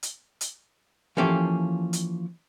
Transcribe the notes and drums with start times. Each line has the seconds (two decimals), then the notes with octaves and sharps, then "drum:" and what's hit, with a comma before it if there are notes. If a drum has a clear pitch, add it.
0.03 drum: hi-hat
0.41 drum: hi-hat
1.17 E3 F3 A#3 C#4 G4 A4
1.93 drum: hi-hat